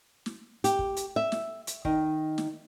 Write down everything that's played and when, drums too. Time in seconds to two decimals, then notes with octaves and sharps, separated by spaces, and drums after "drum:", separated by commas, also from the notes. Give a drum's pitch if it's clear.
0.26 drum: snare
0.64 G4, drum: hi-hat
0.79 drum: kick
0.96 drum: hi-hat
1.16 E5
1.32 drum: snare
1.67 drum: hi-hat
1.85 D#3, drum: kick
2.38 drum: snare